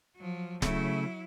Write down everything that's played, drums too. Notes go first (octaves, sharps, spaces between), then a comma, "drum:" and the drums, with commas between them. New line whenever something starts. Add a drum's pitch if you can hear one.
F3 F#3
C#3 F#3 A3 E4, drum: snare D1